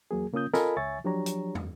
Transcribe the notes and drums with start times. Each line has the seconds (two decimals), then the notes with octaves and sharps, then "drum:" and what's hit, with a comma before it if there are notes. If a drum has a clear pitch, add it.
0.11 E2 F#3 A#3 G#4
0.33 C#3 A#3 C#4 F4 D#6 G6
0.54 F4 A4 A#4 D#5 G#5 B5, drum: snare
0.77 C#2 C#5 E5 G#5 C#6 A6
1.04 F3 F#3 D4 G4 C#5 A#5
1.26 drum: hi-hat
1.55 drum: tom